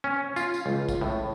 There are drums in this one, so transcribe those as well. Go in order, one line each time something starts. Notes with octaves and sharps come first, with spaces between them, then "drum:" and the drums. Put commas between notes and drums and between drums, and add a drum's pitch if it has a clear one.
C#4
F4, drum: tambourine
drum: tambourine
C#2
drum: kick A#1, tambourine
A2